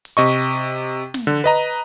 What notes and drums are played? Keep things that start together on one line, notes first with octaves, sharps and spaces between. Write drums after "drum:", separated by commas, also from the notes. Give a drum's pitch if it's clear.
drum: open hi-hat
C3 D#5 C#6
drum: snare
D3
B4 D#5 A#5